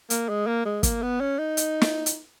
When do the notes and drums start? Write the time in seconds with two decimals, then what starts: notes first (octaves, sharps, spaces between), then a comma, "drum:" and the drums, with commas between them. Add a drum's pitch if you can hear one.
0.10 A#3, drum: hi-hat
0.29 G#3
0.47 A#3
0.65 G#3
0.83 A#3, drum: kick, hi-hat
1.02 B3
1.20 C#4
1.38 D#4
1.57 drum: hi-hat
1.81 drum: snare
2.06 drum: hi-hat